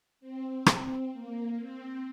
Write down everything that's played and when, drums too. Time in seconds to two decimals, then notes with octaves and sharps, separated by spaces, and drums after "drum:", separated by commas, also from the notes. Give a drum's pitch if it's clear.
0.20 C4
0.66 C4, drum: rim click
1.13 A#3
1.59 C4